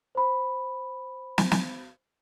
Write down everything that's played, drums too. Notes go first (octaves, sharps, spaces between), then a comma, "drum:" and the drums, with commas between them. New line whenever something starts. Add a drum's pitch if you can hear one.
C5 B5
drum: snare
drum: snare